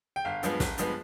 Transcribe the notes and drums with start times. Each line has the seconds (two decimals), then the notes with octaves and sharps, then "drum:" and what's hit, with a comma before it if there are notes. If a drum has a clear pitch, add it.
0.16 G5
0.25 G1 F5
0.43 G2 F3 G#3 B3, drum: hi-hat
0.60 G1, drum: snare
0.78 G2 F3 G#3 B3, drum: hi-hat